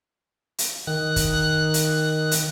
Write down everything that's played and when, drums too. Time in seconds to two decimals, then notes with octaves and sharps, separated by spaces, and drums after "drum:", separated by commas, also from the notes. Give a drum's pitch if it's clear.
0.58 drum: hi-hat
0.87 D#3 F#6
1.16 drum: kick, hi-hat
1.74 drum: hi-hat
2.31 drum: hi-hat